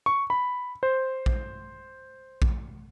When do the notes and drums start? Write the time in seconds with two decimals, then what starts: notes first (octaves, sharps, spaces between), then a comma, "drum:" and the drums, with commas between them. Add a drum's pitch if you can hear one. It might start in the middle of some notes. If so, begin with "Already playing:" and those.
0.06 C#6
0.30 B5
0.83 C5
1.26 drum: kick A#1
2.42 drum: kick A#1